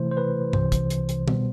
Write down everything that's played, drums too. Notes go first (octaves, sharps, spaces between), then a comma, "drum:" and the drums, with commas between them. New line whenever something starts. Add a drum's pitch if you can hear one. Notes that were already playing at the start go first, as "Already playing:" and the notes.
Already playing: C3 E3 A3 E4 C5
C5
B4
C2 C3 E3 C5, drum: tom G2
drum: kick, hi-hat
drum: hi-hat
drum: hi-hat
B2 G3 B3, drum: tom